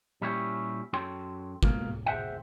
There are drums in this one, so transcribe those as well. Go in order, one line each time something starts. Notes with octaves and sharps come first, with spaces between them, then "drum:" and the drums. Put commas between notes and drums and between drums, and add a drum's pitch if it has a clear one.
A#2 G3 C#4 E4 G4 C#5
F#2 F#4 A4 C#5 G5 C6
G#2 B2 A#3, drum: kick
G#4 C5 D#5 E5 F#5 G5